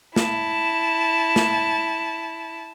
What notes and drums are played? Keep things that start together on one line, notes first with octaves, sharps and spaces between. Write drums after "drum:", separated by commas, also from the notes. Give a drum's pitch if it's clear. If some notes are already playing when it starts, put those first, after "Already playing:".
E4 A5, drum: snare
drum: snare